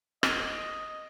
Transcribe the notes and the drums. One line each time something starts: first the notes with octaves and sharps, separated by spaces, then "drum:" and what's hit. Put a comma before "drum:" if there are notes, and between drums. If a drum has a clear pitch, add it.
D#5, drum: rim click